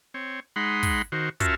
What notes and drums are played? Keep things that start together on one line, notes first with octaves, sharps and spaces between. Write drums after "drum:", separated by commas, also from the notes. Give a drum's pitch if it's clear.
C4 C#5
G#3 D#4 F#5 B5 C6
drum: kick, open hi-hat
D#3 F#4 C5
C#4 F4 F#4 A#4 E5 A5, drum: kick, hi-hat